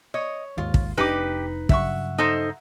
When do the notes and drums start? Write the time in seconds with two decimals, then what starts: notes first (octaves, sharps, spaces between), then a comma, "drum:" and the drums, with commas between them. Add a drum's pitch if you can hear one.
0.14 C#5 D#5
0.58 D#2 G#2 F4
0.74 drum: kick
0.97 F1 C3 D4 D#4 G4 B4 D6
1.69 G2 C#3 F#3 E5 F#5 C#6, drum: kick
2.18 D#4 A4 C5